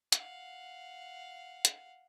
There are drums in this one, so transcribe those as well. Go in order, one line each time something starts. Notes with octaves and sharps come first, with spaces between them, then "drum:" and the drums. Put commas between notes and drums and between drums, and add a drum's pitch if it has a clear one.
F5 F#5, drum: hi-hat
drum: hi-hat